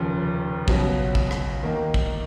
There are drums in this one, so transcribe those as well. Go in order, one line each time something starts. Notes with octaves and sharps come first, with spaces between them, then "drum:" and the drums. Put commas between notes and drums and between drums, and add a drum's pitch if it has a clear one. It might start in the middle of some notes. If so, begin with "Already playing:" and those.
Already playing: F1 D#2 C#3 F3
C#2 B2 F#3 B3, drum: kick
drum: kick
drum: rim click
D#2 D#3 A#3 D#4
drum: kick